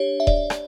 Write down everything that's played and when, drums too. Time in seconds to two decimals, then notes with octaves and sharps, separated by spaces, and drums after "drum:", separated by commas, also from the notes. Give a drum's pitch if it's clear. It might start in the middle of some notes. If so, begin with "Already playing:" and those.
Already playing: D4 G4 C#5
0.20 E5
0.27 D5, drum: kick D#1
0.50 drum: rim click